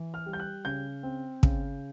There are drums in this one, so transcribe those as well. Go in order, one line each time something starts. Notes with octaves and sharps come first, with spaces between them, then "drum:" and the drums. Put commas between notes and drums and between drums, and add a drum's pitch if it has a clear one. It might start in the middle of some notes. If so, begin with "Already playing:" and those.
Already playing: E3
F6
G3
G6
F#6
C#3 G6
C4
C#3, drum: kick